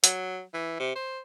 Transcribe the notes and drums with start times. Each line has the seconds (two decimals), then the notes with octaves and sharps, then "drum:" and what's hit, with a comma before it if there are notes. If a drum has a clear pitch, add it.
0.04 F#3, drum: hi-hat
0.54 E3
0.80 C3
0.96 C5